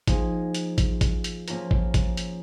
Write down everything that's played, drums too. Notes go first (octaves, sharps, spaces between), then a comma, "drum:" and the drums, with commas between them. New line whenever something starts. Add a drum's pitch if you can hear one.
F3 A#3 D#4 G#4, drum: kick G#1, hi-hat
drum: hi-hat
drum: kick G#1, hi-hat
drum: kick G#1, hi-hat
drum: hi-hat
F3 A#3 C#4 F4 A#4, drum: hi-hat
drum: kick G#1
drum: kick G#1, hi-hat
drum: hi-hat